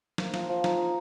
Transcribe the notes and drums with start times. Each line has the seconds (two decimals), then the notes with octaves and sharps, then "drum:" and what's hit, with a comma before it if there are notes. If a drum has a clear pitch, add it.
0.18 A#3 C5 C6, drum: snare
0.34 F3, drum: snare
0.49 F3
0.64 D#4, drum: snare
0.78 D#4